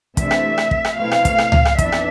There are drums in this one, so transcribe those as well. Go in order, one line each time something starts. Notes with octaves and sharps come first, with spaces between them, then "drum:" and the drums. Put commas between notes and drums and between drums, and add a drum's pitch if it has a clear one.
C3 E3 A3 D4 E5, drum: kick, hi-hat
drum: rim click
drum: rim click
drum: kick
drum: rim click
B2 A3 C4 E4 F5
drum: rim click
drum: kick, hi-hat
drum: rim click
drum: tom C#2
drum: rim click
F2 E3 B3 D4 E5, drum: kick, hi-hat
drum: rim click